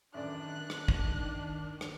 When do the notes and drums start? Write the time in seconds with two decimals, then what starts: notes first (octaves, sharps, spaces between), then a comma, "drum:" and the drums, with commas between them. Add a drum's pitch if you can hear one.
0.14 A1 F#2 D#3 D4 D5 F#6
0.70 drum: rim click
0.88 drum: kick
1.81 drum: rim click